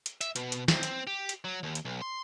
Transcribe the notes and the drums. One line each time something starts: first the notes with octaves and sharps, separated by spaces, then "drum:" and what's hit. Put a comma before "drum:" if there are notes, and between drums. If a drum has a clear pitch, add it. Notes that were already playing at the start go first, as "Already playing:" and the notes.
drum: hi-hat
E5, drum: hi-hat
B2, drum: hi-hat
drum: hi-hat
C4, drum: snare
drum: hi-hat
G4
drum: hi-hat
F#3
D#2
drum: hi-hat
B1
C6